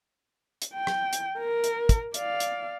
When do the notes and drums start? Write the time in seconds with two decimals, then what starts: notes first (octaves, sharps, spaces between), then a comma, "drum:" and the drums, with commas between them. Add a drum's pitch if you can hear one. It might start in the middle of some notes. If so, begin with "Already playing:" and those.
0.62 drum: hi-hat
0.74 G5
0.87 drum: rim click
1.13 drum: hi-hat
1.38 A#4
1.64 drum: hi-hat
1.89 drum: kick, hi-hat
2.14 D5 F5, drum: hi-hat
2.40 drum: hi-hat